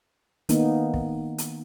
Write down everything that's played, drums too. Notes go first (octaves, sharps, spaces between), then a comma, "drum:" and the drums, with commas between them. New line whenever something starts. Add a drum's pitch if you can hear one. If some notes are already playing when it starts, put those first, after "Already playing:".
D#3 A#3 B3 D#4, drum: hi-hat
drum: kick
drum: hi-hat